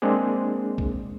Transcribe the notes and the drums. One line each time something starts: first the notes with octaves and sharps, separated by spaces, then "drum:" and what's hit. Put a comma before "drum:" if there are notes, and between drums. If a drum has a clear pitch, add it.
G#3 A#3 C4 D4 G#4
drum: kick B1